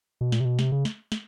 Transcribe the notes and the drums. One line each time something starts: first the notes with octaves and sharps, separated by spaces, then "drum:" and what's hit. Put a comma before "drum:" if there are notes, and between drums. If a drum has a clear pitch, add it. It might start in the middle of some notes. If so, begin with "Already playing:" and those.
B2
A#2, drum: snare
C3
B2
C3, drum: snare
C#3
drum: snare
drum: snare